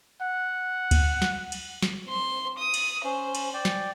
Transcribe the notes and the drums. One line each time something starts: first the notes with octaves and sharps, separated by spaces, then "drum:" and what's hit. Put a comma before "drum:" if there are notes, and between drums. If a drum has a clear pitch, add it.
F#5
drum: kick D2, cymbal
drum: snare
drum: cymbal
drum: snare
C4 C6
D#6
drum: cymbal
C#4 C5
drum: cymbal
D5 G5
drum: snare